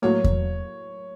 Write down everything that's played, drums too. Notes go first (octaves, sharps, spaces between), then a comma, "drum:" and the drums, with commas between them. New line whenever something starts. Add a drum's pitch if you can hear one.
A2 F#3 A#3 C#5
drum: kick E2